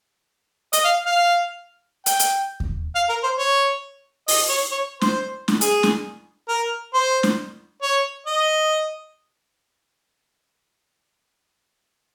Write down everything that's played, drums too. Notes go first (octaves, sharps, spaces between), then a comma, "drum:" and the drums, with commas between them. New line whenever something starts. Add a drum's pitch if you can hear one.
D#5, drum: hi-hat
F5
F5
G5, drum: hi-hat
drum: hi-hat
drum: kick D#2
F5
A#4
C5
C#5
D#5, drum: open hi-hat
C#5
C#5
C5, drum: snare
drum: snare
G#4, drum: hi-hat
drum: snare
A#4
C5
drum: snare
C#5
D#5